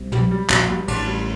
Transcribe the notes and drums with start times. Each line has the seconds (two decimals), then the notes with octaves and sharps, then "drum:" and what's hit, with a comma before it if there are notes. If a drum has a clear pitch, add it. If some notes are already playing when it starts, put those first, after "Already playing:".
Already playing: C2 C3
0.12 G3, drum: tom
0.31 G3
0.50 A#1 A#2 F#4, drum: clap
0.63 A#1 A#2
0.69 G3
0.75 G2
0.88 A1 A2 D4, drum: cymbal
1.07 G3